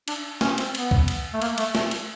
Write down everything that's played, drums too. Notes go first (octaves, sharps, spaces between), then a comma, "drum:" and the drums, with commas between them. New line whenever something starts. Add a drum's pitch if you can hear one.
D4, drum: cymbal
C#4, drum: snare
C4, drum: cymbal
B3, drum: cymbal
drum: kick
drum: cymbal
A3
A#3, drum: cymbal
A3, drum: cymbal
A3, drum: snare
drum: cymbal